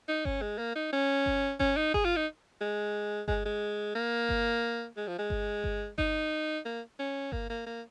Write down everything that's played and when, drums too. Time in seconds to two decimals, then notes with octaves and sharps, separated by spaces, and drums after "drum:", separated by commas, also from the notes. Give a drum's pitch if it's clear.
0.08 D#4
0.25 C#4, drum: kick G1
0.42 G#3
0.58 A#3
0.75 D#4
0.92 C#4
1.26 drum: kick G1
1.60 C#4, drum: kick G1
1.77 D#4
1.94 G#4, drum: kick G1
2.05 F4
2.16 D#4
2.61 G#3
3.28 G#3, drum: kick G1
3.45 G#3
3.95 A#3
4.29 drum: kick G1
4.97 G#3
5.08 F3
5.18 G#3
5.30 drum: kick G1
5.64 drum: kick G1
5.98 D#4, drum: kick G1
6.65 A#3
6.99 C#4
7.32 A#3, drum: kick G1
7.50 A#3
7.66 A#3